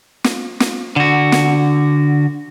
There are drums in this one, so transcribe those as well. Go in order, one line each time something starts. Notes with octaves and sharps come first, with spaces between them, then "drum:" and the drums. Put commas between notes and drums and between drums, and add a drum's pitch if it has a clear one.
drum: snare
drum: snare
D3 F#4
drum: snare